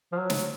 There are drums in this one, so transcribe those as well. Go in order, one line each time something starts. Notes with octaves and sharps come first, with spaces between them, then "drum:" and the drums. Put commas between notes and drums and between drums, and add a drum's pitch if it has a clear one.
F3
F#3
drum: snare